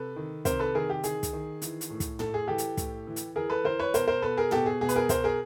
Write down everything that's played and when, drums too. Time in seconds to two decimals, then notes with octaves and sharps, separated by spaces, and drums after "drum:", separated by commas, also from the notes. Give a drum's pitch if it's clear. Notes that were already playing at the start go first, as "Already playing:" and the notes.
Already playing: C3 A4 B4
0.16 D#3
0.45 C3 A#4 C5, drum: kick, hi-hat
0.60 A4 B4
0.75 D#3 G#4 A#4
0.90 G4
1.03 D#3 G#4, drum: hi-hat
1.23 drum: kick, hi-hat
1.33 D#3
1.62 E3, drum: hi-hat
1.81 drum: hi-hat
1.90 A2
2.00 drum: kick, hi-hat
2.19 A2 A4, drum: tom
2.34 G#4
2.48 E3 G4 A4
2.58 drum: hi-hat
2.77 A2, drum: kick, hi-hat
3.07 E3
3.16 drum: hi-hat
3.36 E3 G#4 A#4
3.50 A4 B4
3.64 E3 A#4 C5
3.80 B4 C#5
3.94 B2 A#4 C5, drum: hi-hat
4.08 A#4 C5
4.22 B2 A4 B4
4.37 G#4 A#4
4.51 B2 G4 A4, drum: tom
4.66 G#4
4.81 B2 G#4
4.89 B4, drum: hi-hat
4.96 G#4 A#4
5.09 B2 A#4 C5, drum: kick, hi-hat
5.24 G#4 A#4